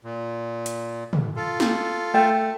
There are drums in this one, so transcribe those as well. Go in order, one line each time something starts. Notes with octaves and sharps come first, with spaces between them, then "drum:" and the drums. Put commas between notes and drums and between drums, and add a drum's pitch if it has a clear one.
A#2
drum: hi-hat
drum: tom
F4 A4
drum: snare
A3 G5